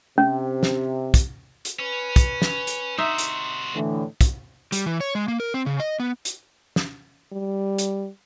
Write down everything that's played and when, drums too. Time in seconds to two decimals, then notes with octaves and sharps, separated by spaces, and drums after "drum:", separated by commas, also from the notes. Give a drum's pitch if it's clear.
0.18 C3 C#4
0.63 drum: snare
1.14 drum: kick, hi-hat
1.65 drum: hi-hat
1.79 C#4 B4
2.16 drum: kick, hi-hat
2.42 drum: snare
2.67 drum: hi-hat
2.98 C3 D#4 F#4 E5 C6
3.18 drum: hi-hat
3.75 A2 D3 E3
4.21 drum: kick, hi-hat
4.72 G3, drum: hi-hat
4.86 E3
5.01 C#5
5.15 G#3
5.28 A#3
5.40 A#4
5.54 C4
5.66 C#3
5.80 D#5
6.00 B3
6.25 drum: hi-hat
6.76 drum: snare
7.32 G3
7.78 drum: hi-hat